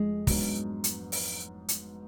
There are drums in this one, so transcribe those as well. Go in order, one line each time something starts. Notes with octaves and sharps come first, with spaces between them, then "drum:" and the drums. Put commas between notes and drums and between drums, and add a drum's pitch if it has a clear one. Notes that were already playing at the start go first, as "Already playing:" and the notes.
Already playing: F1 F2 G#3
G#2 F#3 B3 D4, drum: kick, open hi-hat
drum: hi-hat
drum: open hi-hat
drum: hi-hat